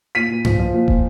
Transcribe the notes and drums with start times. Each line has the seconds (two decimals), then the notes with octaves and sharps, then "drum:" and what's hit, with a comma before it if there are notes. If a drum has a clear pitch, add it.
0.15 A#2 B6 D#7
0.30 A#2
0.45 F3, drum: tom G2
0.59 F3
0.74 A#2
0.88 A#2, drum: kick